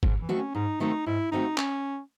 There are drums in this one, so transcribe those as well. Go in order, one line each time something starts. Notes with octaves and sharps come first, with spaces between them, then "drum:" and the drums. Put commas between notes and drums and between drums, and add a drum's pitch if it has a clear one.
G#2, drum: kick
E3
D#3 A3 C4 F#4
C#4
G#2 D#4
D#3 A3 C4 D#4 F#4
G#2 E4
D#3 A3 C4 D#4 F#4
C#4, drum: clap